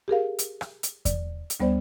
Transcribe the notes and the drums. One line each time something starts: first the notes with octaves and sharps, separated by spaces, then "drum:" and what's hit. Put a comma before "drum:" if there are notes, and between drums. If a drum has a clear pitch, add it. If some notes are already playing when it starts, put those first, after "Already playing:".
G4 G#4 A#4 F5
drum: hi-hat
drum: rim click
drum: hi-hat
D5, drum: kick E2, hi-hat
drum: hi-hat
D2 G3 B3 C5 D5